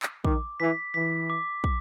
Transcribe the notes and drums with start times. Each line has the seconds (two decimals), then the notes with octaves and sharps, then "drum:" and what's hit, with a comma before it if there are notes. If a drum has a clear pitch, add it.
0.03 drum: clap
0.25 D#3 D6, drum: kick
0.60 E3 B6
0.94 E3 B6
1.30 D6
1.64 D6, drum: kick